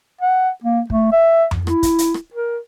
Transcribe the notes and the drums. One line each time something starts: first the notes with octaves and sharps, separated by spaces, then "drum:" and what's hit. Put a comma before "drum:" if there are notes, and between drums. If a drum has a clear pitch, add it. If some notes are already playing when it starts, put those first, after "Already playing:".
F#5
A#3
A3, drum: kick
E5
drum: tom F2
E4, drum: rim click
drum: kick, hi-hat
drum: hi-hat
drum: rim click
A#4